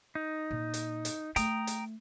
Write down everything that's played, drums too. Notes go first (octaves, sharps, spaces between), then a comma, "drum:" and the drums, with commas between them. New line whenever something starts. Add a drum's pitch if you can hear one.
D#4
A#2
drum: hi-hat
drum: hi-hat
A3 G5 A#5 D#6, drum: hi-hat
drum: hi-hat